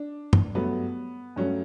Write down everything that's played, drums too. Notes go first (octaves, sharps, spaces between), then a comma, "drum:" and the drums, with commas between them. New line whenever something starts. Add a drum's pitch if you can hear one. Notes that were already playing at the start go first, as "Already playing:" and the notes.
Already playing: D4
drum: tom
G2 F#3 A3 B3
G2 F#3 A3 C#4